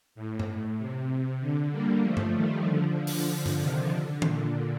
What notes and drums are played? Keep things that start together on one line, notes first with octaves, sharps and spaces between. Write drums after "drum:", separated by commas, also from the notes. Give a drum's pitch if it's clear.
A2
drum: tom G2
C3
C3
D3
G3 A#3
F3 A3
drum: tom G2
D#3 G3
D3 F3
drum: open hi-hat
drum: tom G2
C3 D#3
D3
A#2, drum: tom